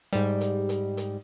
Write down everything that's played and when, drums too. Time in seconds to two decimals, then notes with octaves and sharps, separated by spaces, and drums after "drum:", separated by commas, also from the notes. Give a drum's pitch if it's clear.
0.13 G#2 G3, drum: hi-hat
0.41 drum: hi-hat
0.69 drum: hi-hat
0.97 drum: hi-hat